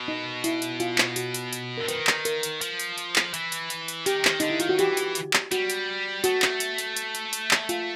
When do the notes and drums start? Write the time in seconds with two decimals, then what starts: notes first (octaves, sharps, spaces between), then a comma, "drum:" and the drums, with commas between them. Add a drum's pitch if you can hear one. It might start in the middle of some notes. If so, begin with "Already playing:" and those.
Already playing: B2
0.08 D#4
0.44 E4, drum: hi-hat
0.62 drum: hi-hat
0.80 F4, drum: hi-hat
0.98 drum: clap
1.16 F#4, drum: hi-hat
1.34 drum: hi-hat
1.53 drum: hi-hat
1.78 D3 A#4
1.88 D#3 B4, drum: hi-hat
2.07 drum: clap
2.25 A#4, drum: hi-hat
2.43 drum: hi-hat
2.61 F3, drum: hi-hat
2.80 drum: hi-hat
2.98 drum: hi-hat
3.16 drum: clap
3.34 E3, drum: hi-hat
3.52 drum: hi-hat
3.70 drum: hi-hat
3.88 drum: hi-hat
4.06 D#3 G4, drum: hi-hat
4.25 D#3, drum: clap
4.40 D3 D#4, drum: hi-hat
4.50 E4
4.60 D#3 F4, drum: hi-hat
4.69 F#4
4.79 E3 G4, drum: hi-hat
4.97 drum: hi-hat
5.15 drum: hi-hat
5.33 drum: clap
5.51 G3 F#4, drum: hi-hat
5.70 drum: hi-hat
6.24 A3 F#4, drum: hi-hat
6.42 drum: clap
6.60 drum: hi-hat
6.78 drum: hi-hat
6.97 drum: hi-hat
7.15 drum: hi-hat
7.33 drum: hi-hat
7.51 drum: clap
7.69 F4, drum: hi-hat